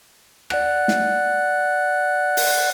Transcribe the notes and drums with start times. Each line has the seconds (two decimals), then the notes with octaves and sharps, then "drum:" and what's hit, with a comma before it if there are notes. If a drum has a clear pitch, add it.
0.50 D5 F#5 F#6, drum: rim click
0.88 drum: snare
2.37 drum: open hi-hat